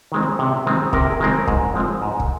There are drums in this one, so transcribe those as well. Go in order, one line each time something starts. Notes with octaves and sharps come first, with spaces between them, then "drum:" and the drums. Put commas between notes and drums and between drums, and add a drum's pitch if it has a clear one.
D#3 G#3 C4
C3
D#3 G#3 C4
C3 A#4, drum: kick
G#4
D#3 G#3 C4 A#4
G#2, drum: kick
F3 G#3 C4
G#2
drum: kick